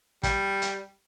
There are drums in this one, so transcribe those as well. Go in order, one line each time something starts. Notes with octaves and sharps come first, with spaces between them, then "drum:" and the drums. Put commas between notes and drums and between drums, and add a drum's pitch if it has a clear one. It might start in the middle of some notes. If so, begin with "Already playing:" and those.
G3, drum: kick, hi-hat
drum: hi-hat